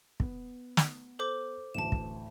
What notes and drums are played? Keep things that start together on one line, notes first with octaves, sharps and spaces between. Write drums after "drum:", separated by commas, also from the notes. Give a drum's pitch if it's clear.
B3, drum: kick
drum: snare
A4 C5 D6
A1 D2 A2 A5 E7
drum: kick